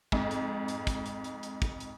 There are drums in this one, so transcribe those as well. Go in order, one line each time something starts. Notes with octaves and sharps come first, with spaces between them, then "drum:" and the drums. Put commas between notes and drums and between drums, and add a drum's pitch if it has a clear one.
F2 G#2, drum: kick
drum: hi-hat
drum: hi-hat
drum: kick, hi-hat
drum: hi-hat
drum: hi-hat
drum: hi-hat
drum: kick, hi-hat
drum: hi-hat